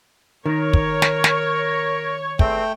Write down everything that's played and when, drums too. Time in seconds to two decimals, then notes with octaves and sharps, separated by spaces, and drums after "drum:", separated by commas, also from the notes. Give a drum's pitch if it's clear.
0.46 D#3 A#4 C#5
0.73 drum: kick
1.02 drum: snare
1.24 drum: snare
2.39 E2 A3 C4 G5, drum: kick